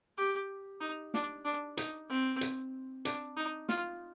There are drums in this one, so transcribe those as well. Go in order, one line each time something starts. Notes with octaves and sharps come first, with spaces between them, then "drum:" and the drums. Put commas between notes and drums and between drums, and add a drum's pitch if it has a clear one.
G4
D#4
D4, drum: snare
D4
D#4, drum: hi-hat
C4
drum: hi-hat
D4, drum: hi-hat
D#4
F4, drum: snare